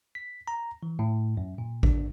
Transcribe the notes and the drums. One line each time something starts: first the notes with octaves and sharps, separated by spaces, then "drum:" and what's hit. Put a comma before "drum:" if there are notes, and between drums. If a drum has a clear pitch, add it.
B6
A#5
E3
A2
F#2
A#2
D4, drum: kick A1